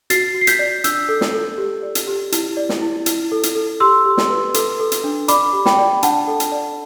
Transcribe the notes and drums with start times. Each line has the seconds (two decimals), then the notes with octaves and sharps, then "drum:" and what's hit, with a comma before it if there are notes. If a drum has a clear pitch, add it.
0.10 F#4 A6 C7, drum: hi-hat
0.34 F#4
0.41 C7
0.47 G6 B6, drum: hi-hat
0.59 D5
0.84 D4 E6 G6, drum: hi-hat
1.09 A4
1.21 drum: snare
1.33 A4
1.58 G4
1.83 D5
1.95 drum: hi-hat
2.08 G4
2.32 E4, drum: hi-hat
2.57 D5
2.69 drum: snare
2.82 E4
3.06 E4, drum: hi-hat
3.32 A4
3.43 drum: hi-hat
3.55 A4
3.80 G4 C6 E6
4.06 G4
4.18 drum: snare
4.30 B4
4.54 A4, drum: hi-hat
4.80 A4
4.92 drum: hi-hat
5.04 D4
5.28 D5 B5 D6, drum: hi-hat
5.53 G4
5.66 G5 B5, drum: snare
5.78 D5
6.03 D4 F#5 A5, drum: hi-hat
6.27 A4
6.40 drum: hi-hat
6.52 D5